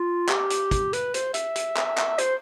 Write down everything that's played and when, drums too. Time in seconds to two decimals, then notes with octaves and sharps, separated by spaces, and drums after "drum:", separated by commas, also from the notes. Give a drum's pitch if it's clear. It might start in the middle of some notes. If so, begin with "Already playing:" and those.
Already playing: F4
0.29 G4, drum: clap
0.50 drum: hi-hat
0.71 drum: kick, hi-hat
0.93 B4, drum: hi-hat
1.14 C5, drum: hi-hat
1.34 E5, drum: hi-hat
1.56 drum: hi-hat
1.77 drum: clap
1.98 drum: clap
2.18 C5, drum: hi-hat